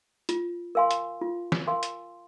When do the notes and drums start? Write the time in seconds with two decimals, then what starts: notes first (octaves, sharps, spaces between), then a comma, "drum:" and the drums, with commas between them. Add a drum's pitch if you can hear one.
0.29 F4, drum: hi-hat
0.75 A#4 F5 G#5 C6
0.91 drum: hi-hat
1.21 F4
1.52 drum: snare
1.67 A#4 F5 G#5 C6
1.83 drum: hi-hat